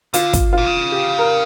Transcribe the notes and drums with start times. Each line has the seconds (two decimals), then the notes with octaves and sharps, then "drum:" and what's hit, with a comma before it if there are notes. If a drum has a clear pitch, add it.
0.14 D3 F4, drum: hi-hat
0.33 drum: kick, hi-hat
0.53 F4
0.58 A#2
0.66 C#3
0.92 G4
1.19 A#4